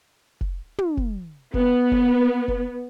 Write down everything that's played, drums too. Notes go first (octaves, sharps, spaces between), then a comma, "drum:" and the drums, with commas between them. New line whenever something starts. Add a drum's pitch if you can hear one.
drum: kick F1
drum: tom
drum: kick F1
B3, drum: kick F1
drum: kick F1
drum: kick F1